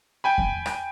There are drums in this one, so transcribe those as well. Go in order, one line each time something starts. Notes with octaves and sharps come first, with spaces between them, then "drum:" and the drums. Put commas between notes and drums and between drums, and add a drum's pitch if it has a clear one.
G5 G#5 B5
drum: kick E2
drum: rim click